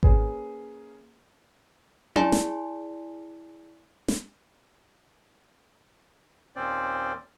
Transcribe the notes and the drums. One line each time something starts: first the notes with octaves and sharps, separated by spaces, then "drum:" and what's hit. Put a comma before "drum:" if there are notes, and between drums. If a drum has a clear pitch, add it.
A#3 C#4 G#4 B4, drum: kick G#1
E4 G#4 D5 G#5 A5 C6, drum: tom C#4
drum: snare
drum: snare
D#2 A#2 C4 C#4 C5 D5